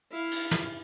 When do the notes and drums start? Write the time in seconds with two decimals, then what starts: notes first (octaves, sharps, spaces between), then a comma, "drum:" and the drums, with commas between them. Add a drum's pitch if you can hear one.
0.11 E4 F5
0.31 drum: cymbal
0.51 drum: snare